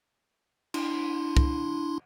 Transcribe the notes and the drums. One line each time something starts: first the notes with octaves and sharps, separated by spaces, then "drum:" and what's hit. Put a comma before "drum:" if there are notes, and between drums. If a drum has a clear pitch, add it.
D4 E4 C6, drum: cymbal
drum: kick C2